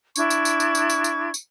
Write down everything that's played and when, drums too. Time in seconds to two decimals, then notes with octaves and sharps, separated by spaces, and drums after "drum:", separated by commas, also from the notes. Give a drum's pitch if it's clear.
0.16 D4 E4 C#6 G#6, drum: tambourine
0.30 drum: tambourine
0.45 drum: tambourine
0.60 drum: tambourine
0.75 drum: tambourine
0.90 drum: tambourine
1.04 drum: tambourine
1.34 drum: tambourine